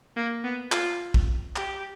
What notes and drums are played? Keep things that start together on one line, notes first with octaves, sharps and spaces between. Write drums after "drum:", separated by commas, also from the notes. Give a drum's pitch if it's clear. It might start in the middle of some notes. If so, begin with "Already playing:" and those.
A#3
B3
F4, drum: clap
drum: kick
G4, drum: clap